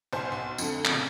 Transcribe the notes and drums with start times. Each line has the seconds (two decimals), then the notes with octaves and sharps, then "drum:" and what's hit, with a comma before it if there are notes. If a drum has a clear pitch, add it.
0.13 F#1 B1 C5 G#5 C6
0.32 B1
0.58 F2 D3 A3, drum: tambourine
0.85 F2 A#2 C#3, drum: clap